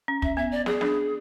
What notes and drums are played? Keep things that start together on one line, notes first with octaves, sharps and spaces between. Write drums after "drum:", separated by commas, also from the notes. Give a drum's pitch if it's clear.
C#4
C#4 E5, drum: kick
B3 E5
D5
G#4, drum: snare
D4, drum: snare